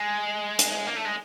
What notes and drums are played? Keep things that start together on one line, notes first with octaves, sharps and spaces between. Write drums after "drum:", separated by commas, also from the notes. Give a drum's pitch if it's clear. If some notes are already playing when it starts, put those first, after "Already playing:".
Already playing: G#3
drum: hi-hat
A#3
A3
G#3